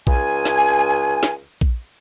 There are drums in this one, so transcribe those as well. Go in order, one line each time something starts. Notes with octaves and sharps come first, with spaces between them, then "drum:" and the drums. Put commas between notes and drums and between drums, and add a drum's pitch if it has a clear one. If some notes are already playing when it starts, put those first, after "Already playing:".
C#2 G#5, drum: kick A#1
drum: snare
drum: snare
drum: kick A#1